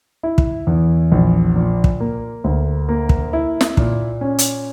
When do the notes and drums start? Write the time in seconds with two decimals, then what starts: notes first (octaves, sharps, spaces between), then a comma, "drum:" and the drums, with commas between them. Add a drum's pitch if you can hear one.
0.23 E4
0.38 drum: kick
0.67 E2
1.12 A#1
1.55 A#2
1.84 drum: kick
2.00 A#3
2.44 D2
2.89 A#3
3.09 drum: kick
3.33 E4
3.61 drum: snare
3.77 A#2, drum: kick
4.21 C#4
4.38 drum: hi-hat